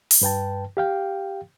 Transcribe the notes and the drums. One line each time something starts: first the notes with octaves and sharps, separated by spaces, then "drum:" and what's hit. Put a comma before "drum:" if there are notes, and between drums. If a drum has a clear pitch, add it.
drum: open hi-hat
G2 B4 G5 A5
G4 F5 G5